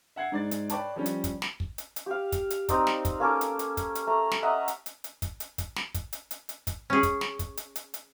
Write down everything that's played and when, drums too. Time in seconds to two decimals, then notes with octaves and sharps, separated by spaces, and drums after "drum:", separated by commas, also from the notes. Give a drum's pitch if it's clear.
0.16 E5 F#5 G#6 C7
0.32 G#2 D5 A6
0.51 drum: hi-hat
0.69 B4 C#5 D5 G5 A5 C#6, drum: hi-hat
0.96 F3 G3 C#4
1.06 drum: hi-hat
1.24 drum: kick, hi-hat
1.42 drum: snare
1.60 drum: kick
1.78 drum: hi-hat
1.96 drum: hi-hat
2.06 G4 F5
2.32 drum: kick, hi-hat
2.50 drum: hi-hat
2.69 C4 D#4 D5 A#5, drum: kick, hi-hat
2.87 drum: snare
3.05 drum: kick, hi-hat
3.20 A#3 C#4 A4 D6
3.41 drum: hi-hat
3.59 drum: hi-hat
3.77 drum: kick, hi-hat
3.95 drum: hi-hat
4.07 A3 A#5
4.32 drum: snare
4.43 D#5 E5 F#5 A#5
4.68 drum: hi-hat
4.86 drum: hi-hat
5.04 drum: hi-hat
5.22 drum: kick, hi-hat
5.40 drum: hi-hat
5.58 drum: kick, hi-hat
5.76 drum: snare
5.94 drum: kick, hi-hat
6.13 drum: hi-hat
6.31 drum: hi-hat
6.49 drum: hi-hat
6.67 drum: kick, hi-hat
6.90 C#4 G#4
7.03 drum: kick, hi-hat
7.21 drum: snare
7.39 drum: kick, hi-hat
7.57 drum: hi-hat
7.75 drum: hi-hat
7.94 drum: hi-hat